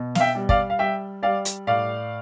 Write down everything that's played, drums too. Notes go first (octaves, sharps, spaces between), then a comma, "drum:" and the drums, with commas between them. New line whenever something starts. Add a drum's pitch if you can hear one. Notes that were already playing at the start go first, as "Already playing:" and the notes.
Already playing: B2
F5, drum: snare
E5 G5
G3
D5 F5, drum: kick
F5
G3 E5 G5
G3 D5 F5
drum: hi-hat
A2 D5 F5